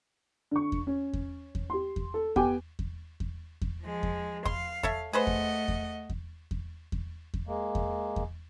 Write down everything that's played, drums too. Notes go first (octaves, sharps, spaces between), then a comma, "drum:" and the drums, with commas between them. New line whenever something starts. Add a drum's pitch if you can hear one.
D3 C#6
drum: kick E2
C#4
drum: kick E2
drum: kick E2
G4 C6
drum: kick E2
A4
B3 G4 G5 G#5 D6, drum: kick E2
drum: kick E2
drum: kick E2
drum: kick E2
F3 G#3
drum: kick E2
F5 C6, drum: kick E2
A4 C#5 E5, drum: kick E2
A3 G#4 B4 C5 D#5 F#5
drum: kick E2
drum: kick E2
drum: kick E2
drum: kick E2
drum: kick E2
drum: kick E2
G#3 A#3
drum: kick E2
drum: kick E2